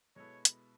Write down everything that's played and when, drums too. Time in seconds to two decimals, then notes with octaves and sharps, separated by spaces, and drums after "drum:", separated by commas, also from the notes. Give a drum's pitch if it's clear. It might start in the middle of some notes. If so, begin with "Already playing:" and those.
0.16 B2 G#3 B3 E4 A4 C#5
0.45 drum: hi-hat